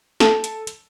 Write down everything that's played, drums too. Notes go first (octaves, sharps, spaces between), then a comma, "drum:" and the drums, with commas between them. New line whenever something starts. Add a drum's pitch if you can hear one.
A4, drum: snare
drum: hi-hat
drum: hi-hat